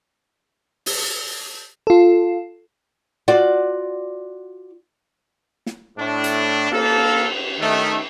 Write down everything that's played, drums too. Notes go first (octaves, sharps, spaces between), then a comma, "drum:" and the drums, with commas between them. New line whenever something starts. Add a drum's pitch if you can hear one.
drum: open hi-hat
F4 A4
F4 F#4 D5
drum: snare
A2 D4
drum: hi-hat
A#3 A4, drum: cymbal
D#3 A3